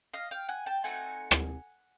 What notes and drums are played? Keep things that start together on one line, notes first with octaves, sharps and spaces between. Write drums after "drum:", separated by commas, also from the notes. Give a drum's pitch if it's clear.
D#5 F5
F5 G5
F#5 G#5
G5 A5
A3 C4 D#4 F#4 F#5 G#5
drum: rim click